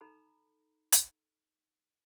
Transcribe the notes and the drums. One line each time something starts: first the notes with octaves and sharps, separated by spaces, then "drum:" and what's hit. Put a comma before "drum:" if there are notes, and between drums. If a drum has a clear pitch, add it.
D#4 A4 A#5 B5
drum: hi-hat